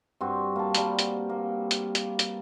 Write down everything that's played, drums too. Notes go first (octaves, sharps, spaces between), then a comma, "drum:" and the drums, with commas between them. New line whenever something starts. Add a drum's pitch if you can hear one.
G2 C4 F#4
A#3 A5
G3 A#3, drum: hi-hat
drum: hi-hat
A#3
drum: hi-hat
drum: hi-hat
drum: hi-hat